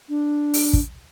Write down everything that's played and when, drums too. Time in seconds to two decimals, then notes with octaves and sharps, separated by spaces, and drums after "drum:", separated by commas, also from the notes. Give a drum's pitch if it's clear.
0.08 D4
0.54 drum: open hi-hat
0.73 drum: kick